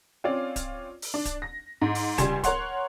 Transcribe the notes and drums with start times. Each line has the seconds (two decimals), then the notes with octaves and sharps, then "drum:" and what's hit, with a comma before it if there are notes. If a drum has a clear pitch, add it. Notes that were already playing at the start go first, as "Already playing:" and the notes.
0.24 C4 C#4 F4 D5
0.56 drum: kick D1, hi-hat
1.02 drum: open hi-hat
1.14 D4
1.25 drum: kick D1, hi-hat
1.42 A#6
1.81 G#2
1.95 drum: open hi-hat
2.18 C#2 G3 G#5 C6 E7, drum: kick D1, hi-hat
2.44 A#4 C#5 F#5 C6, drum: kick D1, hi-hat